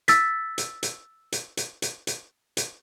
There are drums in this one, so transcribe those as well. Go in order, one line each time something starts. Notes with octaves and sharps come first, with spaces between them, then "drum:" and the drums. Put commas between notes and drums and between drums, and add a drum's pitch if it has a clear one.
E6 A6 B6, drum: hi-hat
drum: hi-hat
drum: hi-hat
drum: hi-hat
drum: hi-hat
drum: hi-hat
drum: hi-hat
drum: hi-hat